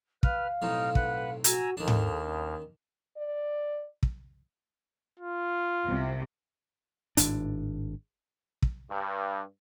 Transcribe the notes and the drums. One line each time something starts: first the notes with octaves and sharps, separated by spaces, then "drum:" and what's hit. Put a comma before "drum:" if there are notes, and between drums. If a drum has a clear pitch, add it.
B4 F5 F6, drum: kick
B1 A2 C3 D#4 F6
B4 F#5, drum: kick
F#4 G#5 A#5 E6, drum: hi-hat
D#2 D#3 D4 A4
drum: tom G#2
C#4
D5
drum: kick
F4
C2 C3
G#1 A2 D4, drum: hi-hat
drum: kick
G2